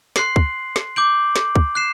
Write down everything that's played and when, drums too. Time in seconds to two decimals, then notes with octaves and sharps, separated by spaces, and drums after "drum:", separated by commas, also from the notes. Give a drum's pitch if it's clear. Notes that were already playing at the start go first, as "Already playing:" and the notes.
0.16 C6 F#6 C7 F#7, drum: snare
0.36 drum: kick
0.76 drum: snare
0.96 D6 G6 D7 F#7
1.36 drum: snare
1.56 drum: kick
1.75 F#6 C7 E7